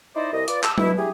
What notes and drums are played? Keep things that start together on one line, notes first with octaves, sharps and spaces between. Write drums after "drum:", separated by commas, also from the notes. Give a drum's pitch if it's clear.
D#4 E4 C5 D5 D#5
C2 D#5
F4 B4 D5, drum: hi-hat
A5 D6 E6, drum: clap
B2 E4, drum: tom F#3
E4 G4 G#4